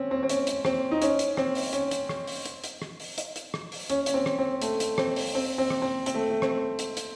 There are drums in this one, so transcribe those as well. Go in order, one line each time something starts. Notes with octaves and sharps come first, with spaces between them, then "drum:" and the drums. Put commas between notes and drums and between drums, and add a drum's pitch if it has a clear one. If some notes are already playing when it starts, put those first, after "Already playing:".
Already playing: C4 C#4
C4
C4
C#4, drum: hi-hat
drum: hi-hat
C4, drum: rim click
D#4
C#4, drum: hi-hat
drum: hi-hat
C4, drum: rim click
drum: open hi-hat
C#4, drum: hi-hat
drum: hi-hat
drum: rim click
drum: open hi-hat
drum: hi-hat
drum: hi-hat
drum: rim click
drum: open hi-hat
drum: hi-hat
drum: hi-hat
drum: rim click
drum: open hi-hat
C#4, drum: hi-hat
C#4, drum: hi-hat
C4
drum: rim click
C4
A3, drum: hi-hat
drum: hi-hat
C4, drum: rim click
drum: open hi-hat
C4
C4
drum: rim click
C4
C4, drum: hi-hat
A3
A3
C4, drum: rim click
drum: hi-hat
drum: hi-hat